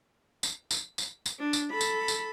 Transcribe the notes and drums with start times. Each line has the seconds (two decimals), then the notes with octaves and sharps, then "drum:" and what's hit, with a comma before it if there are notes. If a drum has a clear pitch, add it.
0.43 drum: tambourine
0.71 drum: tambourine
0.98 drum: tambourine
1.26 drum: tambourine
1.39 D4
1.53 drum: tambourine
1.71 A4 B5
1.81 drum: tambourine
2.08 drum: tambourine